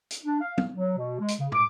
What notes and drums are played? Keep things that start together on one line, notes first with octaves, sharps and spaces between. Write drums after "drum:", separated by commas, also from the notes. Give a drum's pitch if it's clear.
drum: hi-hat
D4
F5
drum: tom
F#3
B2
G#3
drum: hi-hat
C#3
D6, drum: tom